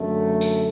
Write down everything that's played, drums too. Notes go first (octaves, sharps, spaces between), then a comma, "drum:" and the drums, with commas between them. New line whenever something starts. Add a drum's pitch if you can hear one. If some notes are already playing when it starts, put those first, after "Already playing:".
Already playing: F#2 D3 A3
drum: tambourine